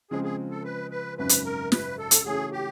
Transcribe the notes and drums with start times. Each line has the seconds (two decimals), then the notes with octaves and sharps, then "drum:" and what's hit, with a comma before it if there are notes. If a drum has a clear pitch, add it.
0.11 C#3 F3 G#3 C4 G#4
0.24 G#4
0.51 A4
0.65 B4
0.91 B4
1.18 G#1 F#2 C#3 B4
1.29 drum: hi-hat
1.45 A#4
1.72 B4, drum: snare
1.99 A4
2.11 drum: hi-hat
2.25 C#3 E3 A3 C#4 F#4 G#4
2.52 G4